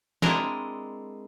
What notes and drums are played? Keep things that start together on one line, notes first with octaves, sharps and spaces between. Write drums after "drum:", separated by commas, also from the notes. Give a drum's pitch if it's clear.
G#3 C4 D4 E4 A#4 D#5, drum: snare